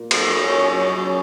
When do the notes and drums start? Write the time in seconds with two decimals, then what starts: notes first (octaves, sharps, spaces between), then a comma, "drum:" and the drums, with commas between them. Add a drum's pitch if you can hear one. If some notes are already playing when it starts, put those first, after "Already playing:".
Already playing: A#2 A#4
0.11 F#2 G#4, drum: cymbal
0.27 F#3 F#4
0.42 C#4
0.53 C#3 C#4
0.73 F#2 C#4
0.94 F#2
1.04 C#4